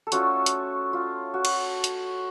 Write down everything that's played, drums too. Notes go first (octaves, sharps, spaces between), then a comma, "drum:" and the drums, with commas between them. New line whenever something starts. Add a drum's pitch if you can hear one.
A4
A3 C#4 F4 F#4, drum: hi-hat
drum: hi-hat
F4
F#4
drum: cymbal
drum: hi-hat